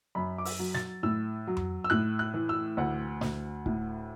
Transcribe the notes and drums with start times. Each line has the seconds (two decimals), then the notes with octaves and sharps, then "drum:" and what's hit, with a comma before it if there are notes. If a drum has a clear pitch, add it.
0.15 F#2 B5
0.38 D6
0.45 E6, drum: open hi-hat
0.59 F#3
0.74 A6, drum: snare
1.03 A2 E6
1.47 F#3
1.57 drum: tom F2
1.84 E6
1.90 A2 F#6
2.19 F#6
2.34 E3
2.49 E6
2.77 D2 F#5
3.21 D2, drum: snare
3.66 A2, drum: kick C#1